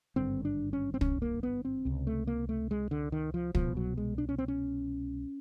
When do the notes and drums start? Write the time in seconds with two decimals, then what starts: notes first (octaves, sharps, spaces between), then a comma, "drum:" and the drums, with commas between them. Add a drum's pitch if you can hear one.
0.16 G#1 G2 D3 C4
0.45 D4
0.73 C#4
0.94 C4
1.01 C#4, drum: kick
1.22 A#3
1.43 B3
1.65 C4
1.85 C#2 C3
2.07 A3
2.27 A#3
2.49 A3
2.71 G#3
2.91 D3
3.12 D#3
3.34 F3
3.55 C2 B2 F3, drum: kick
3.77 F#3
3.97 G#3
4.18 D4
4.29 C#4
4.38 C4
4.48 C#4